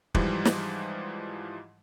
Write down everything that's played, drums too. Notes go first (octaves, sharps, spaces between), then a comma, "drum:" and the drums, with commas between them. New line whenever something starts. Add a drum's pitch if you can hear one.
G#2 E3 F3 G3, drum: kick
drum: snare